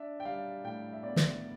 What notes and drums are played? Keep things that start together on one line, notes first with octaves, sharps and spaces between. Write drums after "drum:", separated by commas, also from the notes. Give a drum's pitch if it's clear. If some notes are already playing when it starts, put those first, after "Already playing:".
Already playing: D4 E5
G5
G3 F5
A2 G5
E5
B3 D5
drum: snare